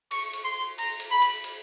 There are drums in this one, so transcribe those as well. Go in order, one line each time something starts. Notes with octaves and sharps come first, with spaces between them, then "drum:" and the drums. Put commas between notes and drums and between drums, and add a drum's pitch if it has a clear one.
C#6, drum: cymbal
drum: cymbal
C6
A#5, drum: cymbal
drum: cymbal
B5
drum: cymbal
drum: cymbal